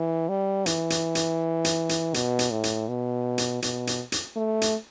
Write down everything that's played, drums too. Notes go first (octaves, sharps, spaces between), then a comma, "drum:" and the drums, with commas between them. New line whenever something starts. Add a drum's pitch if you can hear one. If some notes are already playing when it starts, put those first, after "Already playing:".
Already playing: E3
G3
E3, drum: hi-hat
drum: hi-hat
drum: hi-hat
drum: hi-hat
drum: hi-hat
B2, drum: hi-hat
drum: hi-hat
A2
drum: hi-hat
B2
drum: hi-hat
B2, drum: hi-hat
drum: hi-hat
drum: hi-hat
A3
drum: hi-hat